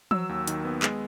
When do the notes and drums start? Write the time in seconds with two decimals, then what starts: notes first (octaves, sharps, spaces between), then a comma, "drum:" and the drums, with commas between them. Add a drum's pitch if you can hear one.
0.11 F#3 E6, drum: tom E3
0.29 D#2
0.48 D#3, drum: hi-hat
0.65 B3
0.83 G#3, drum: clap